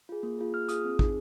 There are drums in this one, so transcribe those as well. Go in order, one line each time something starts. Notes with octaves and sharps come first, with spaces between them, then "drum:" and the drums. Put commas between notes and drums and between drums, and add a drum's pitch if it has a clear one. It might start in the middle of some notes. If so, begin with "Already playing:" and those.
F4 G#4
A#3
F4 G#4
A#3 F6
F4 G#4 D#6, drum: hi-hat
C4
D#4 G#4, drum: kick